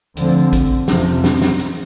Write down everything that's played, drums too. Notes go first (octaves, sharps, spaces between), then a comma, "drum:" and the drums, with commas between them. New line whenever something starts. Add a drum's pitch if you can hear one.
D2 D3 F3 C4, drum: hi-hat
drum: kick, hi-hat
F2 C3 F3, drum: snare
drum: snare
drum: snare
drum: hi-hat